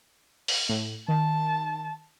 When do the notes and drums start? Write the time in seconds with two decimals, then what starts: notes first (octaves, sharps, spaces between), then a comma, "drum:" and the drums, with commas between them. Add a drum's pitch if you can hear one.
0.48 drum: open hi-hat
0.69 A2
1.08 D#3 A5